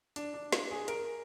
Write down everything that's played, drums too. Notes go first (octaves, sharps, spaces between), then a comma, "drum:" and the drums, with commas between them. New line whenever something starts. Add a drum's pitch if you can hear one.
D4, drum: hi-hat
D4
drum: snare
G#4
A#4, drum: hi-hat